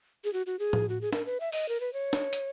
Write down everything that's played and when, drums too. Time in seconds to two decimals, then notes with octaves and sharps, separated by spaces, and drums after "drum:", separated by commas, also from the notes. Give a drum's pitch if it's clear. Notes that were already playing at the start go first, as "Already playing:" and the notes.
0.24 G#4
0.33 F#4
0.46 F#4
0.59 G#4
0.73 drum: tom A2
0.89 F#4
1.01 G#4
1.13 A#4, drum: snare
1.26 B4
1.40 E5
1.52 D#5, drum: open hi-hat
1.69 A#4
1.80 B4
1.93 C#5
2.13 drum: snare
2.33 drum: hi-hat